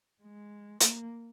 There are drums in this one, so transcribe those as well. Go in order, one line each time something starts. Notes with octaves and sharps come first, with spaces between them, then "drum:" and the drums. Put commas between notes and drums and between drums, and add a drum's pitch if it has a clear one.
G#3
A#3, drum: hi-hat